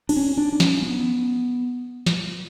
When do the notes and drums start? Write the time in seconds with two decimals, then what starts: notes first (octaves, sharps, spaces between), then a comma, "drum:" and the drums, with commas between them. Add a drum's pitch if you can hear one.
0.09 D4, drum: cymbal
0.16 C#4
0.37 D4
0.52 D4
0.60 C#4, drum: snare
0.82 B3
2.06 drum: snare